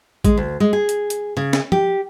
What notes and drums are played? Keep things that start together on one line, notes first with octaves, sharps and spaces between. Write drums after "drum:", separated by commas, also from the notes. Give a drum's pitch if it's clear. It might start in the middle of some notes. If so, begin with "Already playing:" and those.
G#3, drum: kick A1, hi-hat
D2
G#3
G#4
drum: hi-hat
drum: hi-hat
C#3
drum: snare
G4, drum: tom